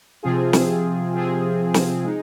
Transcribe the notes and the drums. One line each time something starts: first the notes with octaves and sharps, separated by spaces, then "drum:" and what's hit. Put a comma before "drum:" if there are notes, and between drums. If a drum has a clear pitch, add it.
C3 F3 C4 F4 G#4
drum: snare
C3 F3 C4 F4 G#4
drum: snare
G#3 D#4